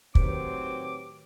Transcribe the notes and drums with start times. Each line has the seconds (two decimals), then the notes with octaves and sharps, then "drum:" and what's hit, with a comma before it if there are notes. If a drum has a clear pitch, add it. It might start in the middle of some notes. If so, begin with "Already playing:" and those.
0.15 A2 D#3 F#3 C4 G4 B4 C#5 D6, drum: kick